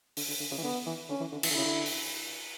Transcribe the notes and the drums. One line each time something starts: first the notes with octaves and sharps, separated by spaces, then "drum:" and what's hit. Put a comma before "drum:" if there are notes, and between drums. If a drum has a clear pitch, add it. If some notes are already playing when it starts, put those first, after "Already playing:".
D3, drum: open hi-hat
D3
D3
C#3
E3
D3 B3
E3
D3 C#4
E3
D3
E3, drum: cymbal
D3
C#3 E4
D3
drum: open hi-hat